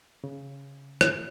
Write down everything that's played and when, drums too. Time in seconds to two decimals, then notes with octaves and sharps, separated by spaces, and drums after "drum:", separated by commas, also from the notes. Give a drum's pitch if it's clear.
0.24 C#3
1.01 drum: rim click